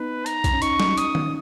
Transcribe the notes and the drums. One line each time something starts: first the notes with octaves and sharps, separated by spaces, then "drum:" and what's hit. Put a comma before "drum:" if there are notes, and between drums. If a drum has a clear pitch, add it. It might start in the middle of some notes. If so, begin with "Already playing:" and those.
Already playing: B3 D#4 B4
A#5, drum: hi-hat
drum: kick B1, hi-hat
C#4
D#4 C#6, drum: hi-hat
drum: snare
D#6, drum: hi-hat
drum: tom D#3